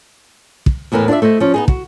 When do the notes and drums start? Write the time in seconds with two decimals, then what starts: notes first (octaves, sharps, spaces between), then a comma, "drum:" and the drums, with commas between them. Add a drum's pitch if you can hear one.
0.66 drum: kick
0.92 E2 A2 E3 A#4 B4
1.08 D4 F4 A4 D5 E5
1.22 A3 E4 C5 D#5
1.40 F3 C#4
1.54 B3 D#4 G#4
1.68 F#4, drum: kick